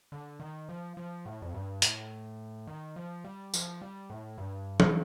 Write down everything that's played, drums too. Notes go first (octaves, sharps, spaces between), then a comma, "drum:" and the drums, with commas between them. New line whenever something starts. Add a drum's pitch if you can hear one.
D3
D#3
F3
F3
A2
F2
G2
A2, drum: hi-hat
D#3
F3
G3
F3, drum: tambourine
G3
A2
G2
drum: tom E3